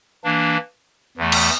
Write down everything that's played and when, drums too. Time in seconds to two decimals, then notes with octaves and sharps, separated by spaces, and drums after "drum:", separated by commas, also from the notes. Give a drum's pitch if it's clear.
0.24 E3 A#3 D4
1.17 E2 E3 A3
1.32 drum: cymbal